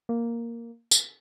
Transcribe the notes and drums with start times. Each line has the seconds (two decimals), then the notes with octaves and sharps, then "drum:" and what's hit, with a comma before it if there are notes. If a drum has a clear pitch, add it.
0.09 A#3
0.91 drum: tambourine